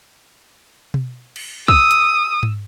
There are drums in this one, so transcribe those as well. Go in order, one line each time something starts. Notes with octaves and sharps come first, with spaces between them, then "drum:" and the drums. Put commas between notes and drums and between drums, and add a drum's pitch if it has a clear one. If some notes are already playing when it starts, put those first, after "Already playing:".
drum: tom B2
drum: cymbal
D#6 E6, drum: kick
drum: hi-hat
drum: tom G#2